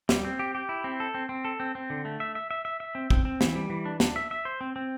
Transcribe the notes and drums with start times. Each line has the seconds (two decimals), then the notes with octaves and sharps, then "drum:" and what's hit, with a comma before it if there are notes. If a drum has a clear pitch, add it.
0.09 G3, drum: snare
0.25 C4
0.39 G4
0.55 G4
0.69 E4
0.84 C4
1.00 A4
1.15 C4
1.29 C4
1.45 A4
1.60 C4
1.75 C4
1.90 D3
2.05 A3
2.20 E5
2.35 E5
2.51 E5
2.65 E5
2.80 E5
2.95 C4
3.10 C4, drum: kick
3.25 C4
3.41 E3, drum: snare
3.55 G3
3.70 E3
3.85 D4
4.00 D4, drum: snare
4.16 E5
4.31 E5
4.45 C5
4.61 C4
4.76 C4